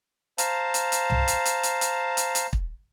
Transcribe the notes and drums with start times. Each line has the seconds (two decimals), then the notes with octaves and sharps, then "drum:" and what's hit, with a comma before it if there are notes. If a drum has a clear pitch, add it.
0.38 C5 F5 A5 A#5, drum: hi-hat
0.74 drum: hi-hat
0.92 drum: hi-hat
1.10 drum: tom C2
1.28 drum: hi-hat
1.45 drum: hi-hat
1.63 drum: hi-hat
1.81 drum: hi-hat
2.17 drum: hi-hat
2.35 drum: hi-hat
2.53 drum: kick